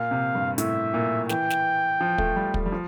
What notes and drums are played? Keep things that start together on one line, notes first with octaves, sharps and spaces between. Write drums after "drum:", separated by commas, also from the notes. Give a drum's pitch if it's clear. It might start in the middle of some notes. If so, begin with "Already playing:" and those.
Already playing: A#2 F5
C3
G2
A2 E5, drum: hi-hat
A#2
E3 G5, drum: snare
drum: snare
F3
A3, drum: kick
G3
A3, drum: kick
G3
F3